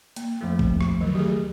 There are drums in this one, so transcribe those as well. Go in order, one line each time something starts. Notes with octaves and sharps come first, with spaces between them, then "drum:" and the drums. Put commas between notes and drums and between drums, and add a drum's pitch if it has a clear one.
A#3, drum: hi-hat
F2 F3 A3
drum: kick A#1
drum: rim click
D3 D#3 F#3
D2 G4 G#4